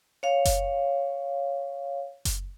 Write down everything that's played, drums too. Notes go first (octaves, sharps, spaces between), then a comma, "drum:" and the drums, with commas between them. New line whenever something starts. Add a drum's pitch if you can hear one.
C#5 F5
drum: kick F#1, hi-hat
drum: kick F#1, hi-hat